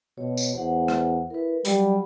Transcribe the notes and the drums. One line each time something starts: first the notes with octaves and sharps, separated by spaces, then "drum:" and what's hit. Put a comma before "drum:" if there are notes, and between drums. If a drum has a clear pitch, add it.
B2 C#5
drum: tambourine
E2 C5 F#5
drum: rim click
E4 A#4 B4
F#3 G3 F#4 B5, drum: hi-hat